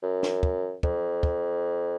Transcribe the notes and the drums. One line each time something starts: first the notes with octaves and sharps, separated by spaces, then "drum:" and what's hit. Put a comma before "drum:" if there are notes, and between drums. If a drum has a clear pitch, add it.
F#2
drum: snare
drum: kick
F2, drum: kick
drum: kick